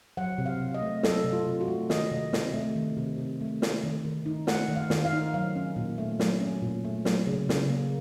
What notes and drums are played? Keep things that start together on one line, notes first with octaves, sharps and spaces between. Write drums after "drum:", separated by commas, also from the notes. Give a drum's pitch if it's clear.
F#3 F#5
C3
F5
C3
D#5
A3
F#3 A4, drum: snare
C3
F4
C3
F#4
A3
D#3 D#5, drum: snare
C3
C3, drum: snare
A3
D#3
C3
C3
A3
A3, drum: snare
D#3
D#3
D#4
A3 F#5, drum: snare
D#3
F5
D#3, drum: snare
F5
D#4
F#3 F5
C#4
A#2
A3
F#3, drum: snare
C#4
A#2
A3
F#3, drum: snare
C#3
C#3, drum: snare
A#3